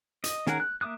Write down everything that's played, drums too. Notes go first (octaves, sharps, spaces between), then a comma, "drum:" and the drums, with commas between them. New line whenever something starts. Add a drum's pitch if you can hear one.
D#5, drum: hi-hat
D#3 C#4 G#4 A#4 F#5, drum: snare
F#6
A#3 E5 D6 D#6 F#6